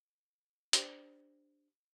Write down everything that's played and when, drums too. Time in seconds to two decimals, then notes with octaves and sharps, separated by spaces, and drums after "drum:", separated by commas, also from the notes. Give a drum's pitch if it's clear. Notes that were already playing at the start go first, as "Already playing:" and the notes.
0.73 D4 G4 C5, drum: hi-hat